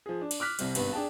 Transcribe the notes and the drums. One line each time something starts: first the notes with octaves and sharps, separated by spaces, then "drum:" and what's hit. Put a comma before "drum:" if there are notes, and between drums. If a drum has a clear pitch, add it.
F3 G#4
D4
drum: cymbal
D6 F6 F#6 B6
C2 C3 G3, drum: cymbal
G#1 G2 B3, drum: cymbal
D4 G#4 G5 A5